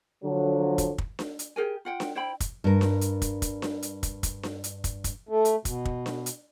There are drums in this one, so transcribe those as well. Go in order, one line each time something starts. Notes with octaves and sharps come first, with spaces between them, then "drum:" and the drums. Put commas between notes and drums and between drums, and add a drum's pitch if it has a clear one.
D3 F3 F#3
drum: kick, hi-hat
drum: kick
drum: snare D4
drum: hi-hat
G4 G#4 A#4 G#5
F4 F#5 G5
drum: snare D4
E4 C5 G5 B5
drum: kick, hi-hat
G2 A#4
drum: snare D4
drum: hi-hat
drum: kick, hi-hat
drum: kick, hi-hat
drum: snare D4
drum: hi-hat
drum: kick, hi-hat
drum: kick, hi-hat
drum: snare D4
drum: hi-hat
drum: kick, hi-hat
drum: kick, hi-hat
A3
drum: hi-hat
B2, drum: kick, hi-hat
drum: kick
drum: snare D4
drum: hi-hat